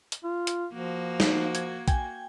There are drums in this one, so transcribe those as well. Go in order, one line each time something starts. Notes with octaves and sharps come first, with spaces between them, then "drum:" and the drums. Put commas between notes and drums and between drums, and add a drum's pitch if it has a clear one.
drum: hi-hat
F4
drum: hi-hat
F3 A#3 F#4
D#4, drum: snare
G#6, drum: hi-hat
G5 G#5 G#6, drum: kick A#1, hi-hat